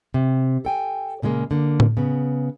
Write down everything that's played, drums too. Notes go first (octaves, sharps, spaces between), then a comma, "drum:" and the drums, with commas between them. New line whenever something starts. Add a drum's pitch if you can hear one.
C3
A4 G5 G#5
A#2 C#3 G3 G#3 A#3
D3 A#3
drum: tom A2
C#3 B3